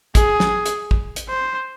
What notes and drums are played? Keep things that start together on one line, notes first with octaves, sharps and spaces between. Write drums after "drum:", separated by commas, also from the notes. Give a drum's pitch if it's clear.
G#4, drum: kick, hi-hat
drum: snare
drum: hi-hat
drum: kick
drum: hi-hat
C5